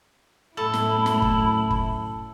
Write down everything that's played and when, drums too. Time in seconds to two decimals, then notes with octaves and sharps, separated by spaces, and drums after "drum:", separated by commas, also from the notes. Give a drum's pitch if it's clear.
0.57 F#2 A2 E4 A4 B5
0.74 drum: snare
1.06 drum: snare
1.22 drum: kick F#1
1.71 drum: kick F#1